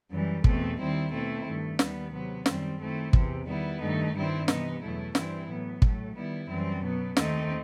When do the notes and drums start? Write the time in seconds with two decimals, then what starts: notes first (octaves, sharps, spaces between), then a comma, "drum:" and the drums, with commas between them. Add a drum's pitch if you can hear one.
0.10 F#2 E3 G3
0.44 E2 B2 A3 C4, drum: kick
0.79 D#2 D#3 G3 C4 E4
1.11 B2 A3 C4 E4
1.46 G2 D#3 A3
1.79 D#2 D#3 G3 B3, drum: snare
2.12 C3 F#3 B3
2.46 F#2 D#3 G3 C4, drum: snare
2.80 D#3 A3 C4 E4
3.13 E2 C3 E3, drum: kick
3.47 D#3 G3 B3 E4
3.81 G2 D#3 A3 D#4
4.14 G2 D#3 G3 C4 E4
4.48 C3 E3 B3 D#4, drum: snare
4.82 E2 B2 F#3 A3 E4
5.15 G2 E3 G3 C4 E4, drum: snare
5.48 A2 F#3 B3
5.82 A2 F#3 A3, drum: kick
6.15 D#3 G3 B3 E4
6.49 F#2 E3 G3 C4
6.83 B2 F#3 B3
7.17 D#2 D#3 A3 C4 D#4, drum: snare